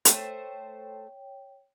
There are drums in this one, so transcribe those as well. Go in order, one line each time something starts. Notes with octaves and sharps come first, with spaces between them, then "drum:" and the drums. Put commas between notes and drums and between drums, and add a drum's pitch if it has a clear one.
A3 C5 C#5 E5 G5, drum: hi-hat